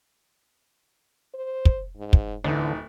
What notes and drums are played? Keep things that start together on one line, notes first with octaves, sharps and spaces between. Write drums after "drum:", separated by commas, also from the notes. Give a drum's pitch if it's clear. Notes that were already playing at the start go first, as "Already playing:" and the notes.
C5
drum: kick
G#2
drum: kick
D1 D3 E3 D#4